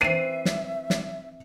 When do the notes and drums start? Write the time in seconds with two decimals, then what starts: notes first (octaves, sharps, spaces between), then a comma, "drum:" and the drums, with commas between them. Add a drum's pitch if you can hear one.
0.01 E3 C4 E5 C7 D#7
0.45 drum: snare
0.90 drum: snare